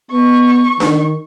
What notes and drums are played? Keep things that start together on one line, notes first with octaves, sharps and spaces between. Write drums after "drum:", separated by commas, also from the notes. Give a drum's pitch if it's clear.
B3 C#6
D#3, drum: snare D4